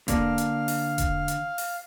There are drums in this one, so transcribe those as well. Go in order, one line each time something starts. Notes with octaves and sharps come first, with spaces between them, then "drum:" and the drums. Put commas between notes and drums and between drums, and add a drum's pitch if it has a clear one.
D3 A#3 D4 F5, drum: kick E1, hi-hat
drum: hi-hat
drum: open hi-hat
drum: kick E1, hi-hat
drum: hi-hat
drum: open hi-hat